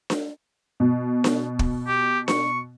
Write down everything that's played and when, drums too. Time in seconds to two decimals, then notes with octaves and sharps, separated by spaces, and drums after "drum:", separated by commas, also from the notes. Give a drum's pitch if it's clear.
0.10 drum: snare D4
0.80 B2
1.24 drum: snare D4
1.59 drum: kick
1.87 G4
2.28 C#6, drum: snare D4